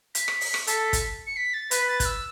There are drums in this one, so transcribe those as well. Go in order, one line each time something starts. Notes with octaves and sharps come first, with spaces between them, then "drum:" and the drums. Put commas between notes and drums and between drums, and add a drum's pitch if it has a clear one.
B6, drum: hi-hat
drum: rim click
drum: open hi-hat
drum: rim click
A4, drum: hi-hat
drum: kick, hi-hat
C#7
B6
A6
B4 B6, drum: hi-hat
A6
F#6, drum: kick, hi-hat
E6